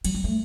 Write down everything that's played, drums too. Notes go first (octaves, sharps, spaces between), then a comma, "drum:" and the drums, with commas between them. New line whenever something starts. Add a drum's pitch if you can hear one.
F#3, drum: cymbal
G3
A3